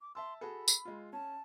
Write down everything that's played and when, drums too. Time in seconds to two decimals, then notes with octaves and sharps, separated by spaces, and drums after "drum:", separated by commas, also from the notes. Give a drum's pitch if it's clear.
0.01 D6
0.15 E5 A5 C6 E6
0.41 F#4 G#4 A4 B5
0.68 drum: tambourine
0.85 G#3 F4
1.13 C#4 A5